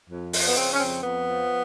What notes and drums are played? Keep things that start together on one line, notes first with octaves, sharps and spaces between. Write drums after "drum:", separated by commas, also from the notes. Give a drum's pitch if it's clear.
F2
F3, drum: open hi-hat
B3
C#3 C4
C#4
F2 C4
F2 B3
F3